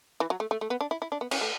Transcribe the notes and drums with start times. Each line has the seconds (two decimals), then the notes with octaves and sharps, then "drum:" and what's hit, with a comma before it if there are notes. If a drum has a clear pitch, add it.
0.20 E3
0.30 F#3
0.40 A3
0.51 A3
0.61 A3
0.70 B3
0.81 D4
0.91 E4
1.02 E4
1.12 D4
1.21 B3
1.31 C#4, drum: cymbal
1.41 A3